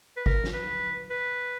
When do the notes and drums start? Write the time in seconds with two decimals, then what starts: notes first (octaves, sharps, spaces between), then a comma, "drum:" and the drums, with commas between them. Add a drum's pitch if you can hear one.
0.17 B4
0.26 A#4, drum: kick
0.44 drum: snare
0.53 B4
1.10 B4